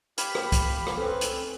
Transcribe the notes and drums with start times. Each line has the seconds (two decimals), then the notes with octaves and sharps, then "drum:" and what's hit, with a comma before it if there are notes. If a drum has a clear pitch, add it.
0.18 G4 F5 B5, drum: hi-hat
0.35 drum: rim click
0.52 drum: kick, hi-hat
0.87 drum: rim click
0.98 C4 C#4 A4 B4
1.21 drum: hi-hat